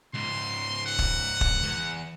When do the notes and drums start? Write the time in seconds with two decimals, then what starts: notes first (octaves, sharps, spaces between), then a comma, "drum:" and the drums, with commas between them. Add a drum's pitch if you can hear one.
0.14 C#2 G#2 C6
0.86 F#5
0.99 drum: kick
1.41 drum: kick
1.63 E2